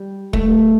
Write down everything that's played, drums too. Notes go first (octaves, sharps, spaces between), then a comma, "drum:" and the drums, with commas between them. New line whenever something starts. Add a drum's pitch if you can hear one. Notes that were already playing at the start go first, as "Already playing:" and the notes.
Already playing: G3
A3, drum: kick